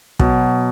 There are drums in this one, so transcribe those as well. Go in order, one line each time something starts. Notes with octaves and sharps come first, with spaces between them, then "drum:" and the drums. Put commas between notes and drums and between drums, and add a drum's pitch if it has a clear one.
B2 F#3, drum: kick